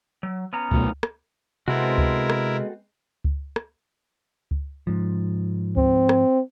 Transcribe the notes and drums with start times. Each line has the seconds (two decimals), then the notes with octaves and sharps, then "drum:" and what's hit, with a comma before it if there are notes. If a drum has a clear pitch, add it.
0.23 F#3
0.53 B3 C#4 A#5
0.71 B1 B2 A3, drum: kick C#2
1.03 drum: rim click
1.68 C3 G#3 B3 C4 E4 F#4 A4 A#4
1.98 drum: kick C#2
2.30 drum: rim click
3.25 drum: kick C#2
3.56 drum: rim click
4.51 drum: kick C#2
4.87 G#2 F3
5.77 C4, drum: kick C#2
6.09 drum: rim click